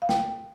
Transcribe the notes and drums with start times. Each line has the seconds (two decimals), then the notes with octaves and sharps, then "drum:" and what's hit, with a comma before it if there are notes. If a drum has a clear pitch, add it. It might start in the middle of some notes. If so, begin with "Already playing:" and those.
0.02 F5
0.09 G5, drum: snare